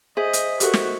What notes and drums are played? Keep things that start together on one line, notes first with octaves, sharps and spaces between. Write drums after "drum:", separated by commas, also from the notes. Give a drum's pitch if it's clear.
G#4 C5 D#5 E5
drum: hi-hat
F#4 G4 A4 A#4, drum: hi-hat
drum: snare